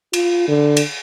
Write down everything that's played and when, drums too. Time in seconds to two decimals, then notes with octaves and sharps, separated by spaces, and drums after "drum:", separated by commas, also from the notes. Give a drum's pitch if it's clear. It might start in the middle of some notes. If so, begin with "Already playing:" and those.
0.13 F4, drum: cymbal
0.48 D3
0.77 drum: cymbal